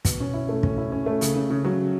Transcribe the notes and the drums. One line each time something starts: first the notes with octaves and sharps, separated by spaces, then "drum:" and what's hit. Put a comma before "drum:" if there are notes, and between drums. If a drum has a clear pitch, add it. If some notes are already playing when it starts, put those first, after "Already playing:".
B2, drum: kick, hi-hat
C#4
E4
A3
C#4, drum: kick
E4
C#4
A3
C#3, drum: hi-hat
C#3
C#3
F#3